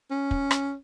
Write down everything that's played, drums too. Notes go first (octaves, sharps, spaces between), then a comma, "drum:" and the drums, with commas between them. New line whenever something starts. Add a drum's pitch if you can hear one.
C#4
drum: kick
drum: rim click